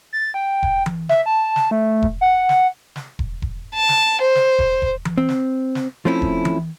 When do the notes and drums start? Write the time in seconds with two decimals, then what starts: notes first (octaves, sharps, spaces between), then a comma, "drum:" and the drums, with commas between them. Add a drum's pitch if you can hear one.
0.13 A6
0.34 G5
0.63 drum: kick E1
0.86 drum: tom E3
1.09 E5, drum: snare
1.26 A5
1.56 drum: snare
1.71 A3
2.02 drum: kick E1
2.21 F#5
2.49 drum: snare
2.96 drum: snare
3.19 drum: kick E1
3.42 drum: kick E1
3.74 A5
3.89 drum: snare
4.21 C5
4.35 drum: snare
4.59 drum: kick E1
4.82 drum: kick E1
5.05 drum: tom E3
5.18 C4
5.29 drum: snare
5.75 drum: snare
6.05 F3 A3 C4 C#4 E4
6.22 drum: kick E1
6.45 drum: tom E3